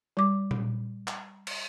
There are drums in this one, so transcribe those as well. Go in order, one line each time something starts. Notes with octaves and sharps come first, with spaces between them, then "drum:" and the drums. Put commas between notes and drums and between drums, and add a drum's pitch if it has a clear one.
G3 D6
drum: tom A#2
drum: clap
drum: cymbal